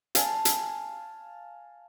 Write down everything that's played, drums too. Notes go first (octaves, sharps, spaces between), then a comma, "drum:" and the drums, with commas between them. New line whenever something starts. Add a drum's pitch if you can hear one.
F5 G#5 A5, drum: hi-hat
drum: hi-hat